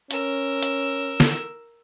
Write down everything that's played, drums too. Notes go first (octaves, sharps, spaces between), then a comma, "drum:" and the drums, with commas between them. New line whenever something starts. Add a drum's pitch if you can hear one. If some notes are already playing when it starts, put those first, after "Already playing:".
C#4 A#4 E6, drum: hi-hat
drum: hi-hat
drum: snare